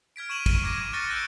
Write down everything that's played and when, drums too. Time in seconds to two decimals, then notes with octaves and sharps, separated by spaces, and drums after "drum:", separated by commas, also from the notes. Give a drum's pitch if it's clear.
0.16 F6 G#6 B6 D7
0.29 C#6 D#7 E7 F#7
0.46 F6, drum: kick, cymbal
0.64 D6 F6 G#6 A#6 D#7
0.93 C#6 F6 F#6 A6 A#6 C#7
1.09 E6 F#6 G6 A6 A#6 D7